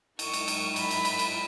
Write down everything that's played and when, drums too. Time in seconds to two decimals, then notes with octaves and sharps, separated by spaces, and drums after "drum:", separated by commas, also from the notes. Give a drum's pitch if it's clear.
0.19 G#2 F#3 D#4 C#6, drum: cymbal
0.33 drum: cymbal
0.48 drum: cymbal
0.76 B5, drum: cymbal
0.91 drum: cymbal
1.05 drum: cymbal
1.19 drum: cymbal